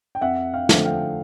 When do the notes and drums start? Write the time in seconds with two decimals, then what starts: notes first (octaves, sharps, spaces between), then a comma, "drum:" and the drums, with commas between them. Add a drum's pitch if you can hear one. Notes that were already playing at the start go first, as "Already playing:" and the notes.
0.15 G5
0.21 F2 E5 F#5
0.54 F5 G5
0.69 D3 F3 A3, drum: snare
0.85 F5 G5